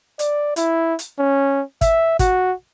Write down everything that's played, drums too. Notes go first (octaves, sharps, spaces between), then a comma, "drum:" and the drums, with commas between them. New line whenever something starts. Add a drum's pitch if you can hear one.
D5, drum: hi-hat
E4, drum: hi-hat
drum: hi-hat
C#4
E5, drum: kick, hi-hat
F#4, drum: kick, hi-hat